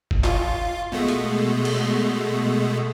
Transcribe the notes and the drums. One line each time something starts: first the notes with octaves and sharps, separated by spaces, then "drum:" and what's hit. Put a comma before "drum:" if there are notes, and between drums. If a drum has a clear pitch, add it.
drum: kick
F4, drum: clap
B2 G#3 A3
drum: hi-hat
drum: cymbal